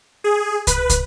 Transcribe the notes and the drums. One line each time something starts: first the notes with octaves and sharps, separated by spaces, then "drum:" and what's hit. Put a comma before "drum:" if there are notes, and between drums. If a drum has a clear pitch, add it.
G#4
B4, drum: kick, hi-hat
drum: kick, hi-hat